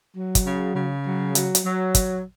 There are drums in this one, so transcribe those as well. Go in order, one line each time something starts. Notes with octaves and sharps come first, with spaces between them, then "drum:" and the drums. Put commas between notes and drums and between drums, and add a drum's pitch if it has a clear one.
F#3
drum: kick, hi-hat
C#3
C#3
F#3
F#3, drum: hi-hat
drum: hi-hat
F#3
drum: kick, hi-hat